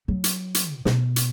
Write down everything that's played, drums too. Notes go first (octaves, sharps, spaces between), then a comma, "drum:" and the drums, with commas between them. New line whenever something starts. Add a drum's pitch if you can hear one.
F#3
drum: hi-hat
drum: hi-hat
A#2
B2, drum: snare
drum: hi-hat